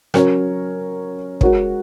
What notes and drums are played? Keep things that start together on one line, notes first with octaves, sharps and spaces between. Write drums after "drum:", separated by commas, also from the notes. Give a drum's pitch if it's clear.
F#3 C#4 A#4 C#5, drum: rim click
G#3 F#4 A#4 C#5, drum: kick